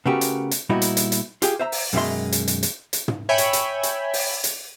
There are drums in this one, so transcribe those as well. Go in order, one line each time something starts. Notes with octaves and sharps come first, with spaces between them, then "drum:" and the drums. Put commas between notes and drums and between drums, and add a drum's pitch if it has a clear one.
C#3 A3 B3 F#4 G4 A#4
drum: hi-hat
drum: hi-hat
A#2 G3 B3 D#4 E4 F#4
drum: hi-hat
drum: hi-hat
drum: hi-hat
F4 G4 G#4, drum: hi-hat
C5 E5 A#5
drum: open hi-hat
F#2 B2 D#3 G#3 E5 C6
drum: hi-hat
drum: hi-hat
drum: hi-hat
drum: hi-hat
drum: tom
C#5 E5 G5 G#5 B5
drum: hi-hat
drum: hi-hat
drum: hi-hat
drum: open hi-hat
drum: hi-hat